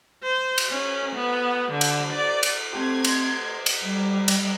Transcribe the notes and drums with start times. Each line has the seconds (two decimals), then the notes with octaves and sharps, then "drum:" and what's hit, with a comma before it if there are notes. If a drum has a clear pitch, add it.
0.23 C5
0.58 drum: cymbal
0.69 C#4
1.15 B3
1.71 D3
1.81 drum: cymbal
2.12 D5
2.43 drum: cymbal
2.73 A3 C4 G4 C6 G#6
3.04 drum: cymbal
3.66 drum: cymbal
3.85 G3
4.28 drum: cymbal